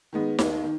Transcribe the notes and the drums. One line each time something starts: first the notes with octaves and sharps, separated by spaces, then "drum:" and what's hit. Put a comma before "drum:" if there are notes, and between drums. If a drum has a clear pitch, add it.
D#3 G#3 B3
D#2, drum: snare D#4
D#3